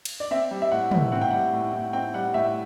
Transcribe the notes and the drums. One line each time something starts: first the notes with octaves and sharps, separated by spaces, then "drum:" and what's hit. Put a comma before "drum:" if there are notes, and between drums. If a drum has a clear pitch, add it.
drum: cymbal
D5
C4 E5
G3
E5
A2 F#5
A2, drum: tom
C4 F#5
G5
G3 F#5
A2
A2
C4 G5
G3 F#5
A2 E5